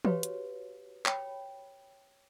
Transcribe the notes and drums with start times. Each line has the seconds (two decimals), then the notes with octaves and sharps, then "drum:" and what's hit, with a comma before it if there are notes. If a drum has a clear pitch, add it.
0.05 F#4 G4 B4 C#5 F5, drum: tom E3
0.23 drum: hi-hat
1.06 C#5 G5 B5, drum: clap